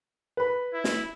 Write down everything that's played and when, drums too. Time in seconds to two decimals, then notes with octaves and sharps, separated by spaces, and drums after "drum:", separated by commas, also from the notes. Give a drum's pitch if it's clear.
0.37 B4 B5
0.74 E4
0.84 drum: snare